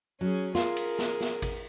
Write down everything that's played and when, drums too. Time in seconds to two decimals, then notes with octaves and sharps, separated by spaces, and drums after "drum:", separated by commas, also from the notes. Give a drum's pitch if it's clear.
0.21 F#3 C#4 G#4
0.55 F4 G#4 A#4, drum: snare
0.77 drum: cymbal
0.99 drum: snare
1.20 drum: snare
1.42 drum: kick G#1, cymbal